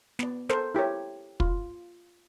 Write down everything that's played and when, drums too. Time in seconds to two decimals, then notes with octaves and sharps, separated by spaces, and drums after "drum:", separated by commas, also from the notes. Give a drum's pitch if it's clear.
0.19 B3 D5, drum: snare
0.49 A4 A#4 C5, drum: snare
0.75 E4 G4 A#4 C#5
1.40 F4, drum: kick